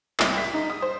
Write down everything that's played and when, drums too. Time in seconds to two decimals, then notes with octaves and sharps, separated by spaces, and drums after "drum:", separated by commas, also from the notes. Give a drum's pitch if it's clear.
0.20 C2, drum: clap
0.38 B6
0.54 D#4
0.70 D#6
0.82 C5